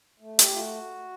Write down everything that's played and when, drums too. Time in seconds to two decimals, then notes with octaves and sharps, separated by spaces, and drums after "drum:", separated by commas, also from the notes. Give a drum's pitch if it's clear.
0.19 A3
0.39 G4, drum: hi-hat
0.49 A3 F4
0.60 F#4